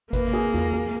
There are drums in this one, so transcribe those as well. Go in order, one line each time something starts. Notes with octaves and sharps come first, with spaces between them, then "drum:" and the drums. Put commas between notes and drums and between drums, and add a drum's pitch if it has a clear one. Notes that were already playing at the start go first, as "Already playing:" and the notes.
A#3 B4, drum: kick G#1, hi-hat
G#4
F4, drum: tom E2
G#4